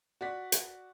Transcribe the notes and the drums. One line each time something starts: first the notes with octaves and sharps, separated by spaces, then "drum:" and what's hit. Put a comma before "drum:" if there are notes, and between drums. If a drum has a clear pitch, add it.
F#4 D5 B6
drum: hi-hat